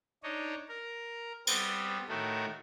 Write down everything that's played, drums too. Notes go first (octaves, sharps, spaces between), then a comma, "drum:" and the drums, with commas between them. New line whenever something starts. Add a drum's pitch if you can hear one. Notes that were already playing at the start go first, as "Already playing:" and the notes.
D4 D#4 C#5 D#5
A#4
G3 B3 C4, drum: cymbal
A2 D#3 A3 F#4